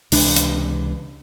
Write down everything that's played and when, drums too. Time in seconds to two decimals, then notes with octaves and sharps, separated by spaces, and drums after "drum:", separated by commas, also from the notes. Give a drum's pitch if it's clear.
0.12 C#2 C3 E3 D4, drum: open hi-hat
0.36 drum: hi-hat